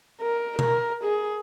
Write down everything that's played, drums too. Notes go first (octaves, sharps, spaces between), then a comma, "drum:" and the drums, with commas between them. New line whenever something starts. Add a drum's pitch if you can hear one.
A#4
A#4, drum: tom
G#4